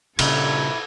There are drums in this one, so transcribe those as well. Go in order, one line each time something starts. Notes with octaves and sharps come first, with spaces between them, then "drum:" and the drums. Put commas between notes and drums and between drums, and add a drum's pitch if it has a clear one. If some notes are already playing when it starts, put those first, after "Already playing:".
G2 A#2 C#3 E4 A4 G#6, drum: cymbal